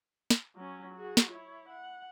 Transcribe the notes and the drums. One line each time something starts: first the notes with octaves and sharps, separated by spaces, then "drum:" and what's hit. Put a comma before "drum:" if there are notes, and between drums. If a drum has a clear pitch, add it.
drum: snare
F#3 C#4
F#4 G#4
drum: snare
E4 C#5
F#5